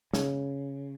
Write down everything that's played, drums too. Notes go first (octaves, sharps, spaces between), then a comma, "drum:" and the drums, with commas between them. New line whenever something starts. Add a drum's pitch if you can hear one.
C#3, drum: snare